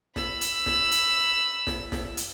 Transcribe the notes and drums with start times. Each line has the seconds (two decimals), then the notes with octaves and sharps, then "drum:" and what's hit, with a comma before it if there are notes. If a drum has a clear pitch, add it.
0.16 B5 E6, drum: snare
0.41 drum: hi-hat
0.66 drum: snare
0.91 drum: hi-hat
1.67 drum: snare
1.92 drum: snare
2.17 drum: hi-hat